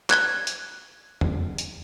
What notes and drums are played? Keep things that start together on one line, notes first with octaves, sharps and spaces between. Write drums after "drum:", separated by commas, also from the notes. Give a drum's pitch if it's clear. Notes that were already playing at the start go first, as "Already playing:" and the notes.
F#6 G#6 G7, drum: clap
drum: hi-hat
drum: tom
drum: hi-hat